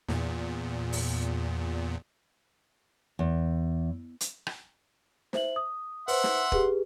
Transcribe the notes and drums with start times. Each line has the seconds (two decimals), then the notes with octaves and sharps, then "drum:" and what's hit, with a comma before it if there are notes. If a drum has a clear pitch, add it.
0.09 E2 A#2, drum: snare
0.93 drum: open hi-hat
3.19 E2
4.21 drum: hi-hat
4.47 drum: rim click
5.33 C5 E5 F#7, drum: snare
5.56 D#6
6.08 B4 C5 E5 F#5 C6, drum: open hi-hat
6.24 drum: snare
6.52 G4 G#4 B4, drum: kick